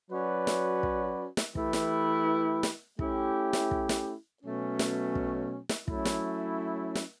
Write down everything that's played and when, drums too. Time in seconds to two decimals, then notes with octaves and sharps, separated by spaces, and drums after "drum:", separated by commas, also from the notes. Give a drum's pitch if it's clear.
0.11 F#3 C#4 F#4 B4 D5
0.47 drum: snare
0.83 drum: kick
1.37 drum: snare
1.55 E3 A3 E4 G4 B4, drum: kick
1.73 drum: snare
2.63 drum: snare
2.99 A3 C#4 E4 G4, drum: kick
3.53 drum: snare
3.71 drum: kick
3.89 drum: snare
4.43 B2 F#3 A3 C#4
4.79 drum: snare
5.15 drum: kick
5.69 drum: snare
5.88 F#3 A3 C#4 E4, drum: kick
6.05 drum: snare
6.95 drum: snare